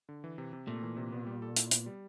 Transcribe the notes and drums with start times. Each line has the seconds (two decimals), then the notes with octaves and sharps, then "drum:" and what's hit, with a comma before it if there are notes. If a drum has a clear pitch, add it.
0.09 D3
0.24 E3
0.38 C3
0.53 C3
0.67 A#2 A3
0.82 E3
0.97 C3
1.12 B3
1.26 G3
1.42 A4
1.57 E4, drum: hi-hat
1.71 B3, drum: hi-hat
1.86 G3